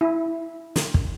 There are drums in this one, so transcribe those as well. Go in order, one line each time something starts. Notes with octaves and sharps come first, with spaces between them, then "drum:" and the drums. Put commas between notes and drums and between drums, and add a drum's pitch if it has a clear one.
E4
drum: snare
drum: kick